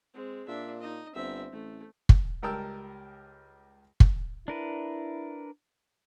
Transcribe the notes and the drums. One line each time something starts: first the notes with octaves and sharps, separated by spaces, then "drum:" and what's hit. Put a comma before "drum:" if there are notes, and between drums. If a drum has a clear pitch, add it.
G#3 C4
A#2 D4 E5
D#4 D#5
G1 C4 E5
A1 A3
drum: kick
C#2 G3 A#4 G5 A5 E6
drum: kick
D4 E4 A#4 B4